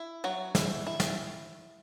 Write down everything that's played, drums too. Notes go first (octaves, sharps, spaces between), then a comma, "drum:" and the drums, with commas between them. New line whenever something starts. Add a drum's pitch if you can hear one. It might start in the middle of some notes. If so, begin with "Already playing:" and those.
Already playing: E4
F#3 F#4
E4, drum: snare
E4
drum: snare